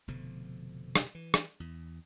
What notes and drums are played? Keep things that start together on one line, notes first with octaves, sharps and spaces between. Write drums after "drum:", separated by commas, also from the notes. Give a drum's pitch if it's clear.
F1 B2 D3 F3
drum: rim click
E3
drum: rim click
E2